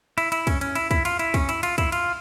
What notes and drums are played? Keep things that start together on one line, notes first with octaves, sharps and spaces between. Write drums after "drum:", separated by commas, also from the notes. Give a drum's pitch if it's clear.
E4, drum: cymbal
E4, drum: cymbal
C#4, drum: kick, cymbal
C#4, drum: cymbal
E4, drum: cymbal
E4, drum: kick, cymbal
F4, drum: cymbal
E4, drum: cymbal
C#4, drum: kick, cymbal
E4, drum: cymbal
F4, drum: cymbal
E4, drum: kick, cymbal
F4, drum: cymbal